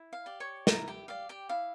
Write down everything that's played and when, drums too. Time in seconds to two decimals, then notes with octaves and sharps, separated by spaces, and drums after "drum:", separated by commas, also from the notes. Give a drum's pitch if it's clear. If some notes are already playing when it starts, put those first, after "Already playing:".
Already playing: E4
0.13 F5
0.26 G4 D5
0.40 C#5 C#6
0.67 E4 A#4 A#5, drum: snare
0.88 G4 G5
1.08 G4 D5 F5
1.29 G4 G5
1.49 E4 F5